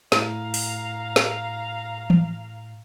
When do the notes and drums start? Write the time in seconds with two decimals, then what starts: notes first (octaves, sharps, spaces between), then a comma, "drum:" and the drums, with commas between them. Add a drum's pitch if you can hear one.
0.12 A2 F5 A#5, drum: snare
0.54 drum: open hi-hat
1.16 drum: snare
2.10 drum: tom E3